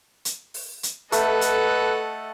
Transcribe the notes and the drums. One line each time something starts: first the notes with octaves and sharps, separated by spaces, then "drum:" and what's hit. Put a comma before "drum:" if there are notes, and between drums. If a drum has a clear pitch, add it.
drum: hi-hat
drum: open hi-hat
drum: hi-hat
A3 A4 B4 D#5 F#5, drum: hi-hat
drum: hi-hat